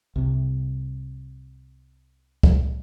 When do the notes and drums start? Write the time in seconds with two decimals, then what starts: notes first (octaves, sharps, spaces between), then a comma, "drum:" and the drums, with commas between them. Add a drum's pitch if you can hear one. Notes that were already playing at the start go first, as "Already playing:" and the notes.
0.16 C2 C3
2.43 drum: kick